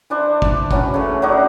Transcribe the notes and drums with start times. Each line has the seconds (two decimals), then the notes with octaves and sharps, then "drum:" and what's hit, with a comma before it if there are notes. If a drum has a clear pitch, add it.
0.10 E3 D4 C5
0.42 drum: kick
0.71 E3 F#3 C#4 E4, drum: kick
0.94 C#3 A3
1.22 F#3 D4 D#4 F#4